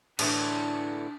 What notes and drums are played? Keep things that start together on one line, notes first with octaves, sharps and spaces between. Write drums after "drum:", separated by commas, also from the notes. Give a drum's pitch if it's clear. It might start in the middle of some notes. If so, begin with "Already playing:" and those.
A2 D3 E3 D4, drum: cymbal